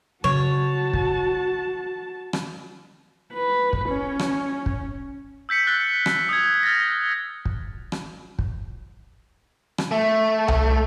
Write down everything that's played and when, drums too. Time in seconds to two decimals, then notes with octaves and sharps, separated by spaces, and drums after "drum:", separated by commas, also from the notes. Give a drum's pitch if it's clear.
0.24 C#3 F#3 C#4 F#4 C#5 A5
0.93 drum: kick
2.33 drum: rim click
3.34 B4
3.73 drum: kick
3.88 C#4
4.19 drum: rim click
4.66 drum: kick
5.49 E6 G6 B6 C#7
5.67 F#6 A6 G7
6.06 drum: rim click
6.29 D#6 G#6
6.63 F6 A6 A#6
7.45 drum: kick
7.92 drum: rim click
8.39 drum: kick
9.78 drum: rim click
9.91 A3 E5
10.48 drum: tom C2